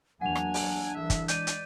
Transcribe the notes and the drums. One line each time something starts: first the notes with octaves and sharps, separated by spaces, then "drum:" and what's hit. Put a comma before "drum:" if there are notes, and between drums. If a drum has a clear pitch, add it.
E2 F#3 A#3 D4 F#5 G#5 F7
drum: rim click
drum: open hi-hat
C2 E3 G#4 E5
drum: kick, hi-hat
G#3 B4 D5 G6 D#7, drum: hi-hat
drum: hi-hat